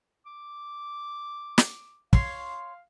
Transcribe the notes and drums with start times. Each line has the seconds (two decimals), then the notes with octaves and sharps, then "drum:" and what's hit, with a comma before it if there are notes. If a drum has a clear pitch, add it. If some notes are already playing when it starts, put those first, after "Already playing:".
0.26 D6
1.58 drum: snare
2.13 C#5 F5 C6, drum: kick